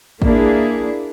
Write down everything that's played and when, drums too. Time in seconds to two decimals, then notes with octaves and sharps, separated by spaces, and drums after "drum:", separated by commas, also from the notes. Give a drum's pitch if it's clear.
0.22 A#3 D4 E4 G#4, drum: kick